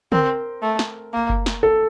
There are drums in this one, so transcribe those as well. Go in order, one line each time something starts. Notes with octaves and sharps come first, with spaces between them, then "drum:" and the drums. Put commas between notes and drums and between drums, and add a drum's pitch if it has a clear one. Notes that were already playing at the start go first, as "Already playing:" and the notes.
C4 A#4, drum: tom
A3
drum: snare
A#3
drum: kick F#1
drum: snare
A4